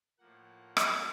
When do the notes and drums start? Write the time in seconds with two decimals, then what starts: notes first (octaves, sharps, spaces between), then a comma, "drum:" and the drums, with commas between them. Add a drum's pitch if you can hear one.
0.19 A2 F3 A#3 F#5
0.77 drum: rim click